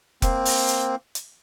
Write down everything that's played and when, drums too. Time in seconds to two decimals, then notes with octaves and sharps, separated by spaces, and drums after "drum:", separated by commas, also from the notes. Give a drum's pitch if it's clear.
0.22 A#3 C4, drum: kick F1, hi-hat
0.45 drum: open hi-hat
0.69 drum: hi-hat
1.15 drum: hi-hat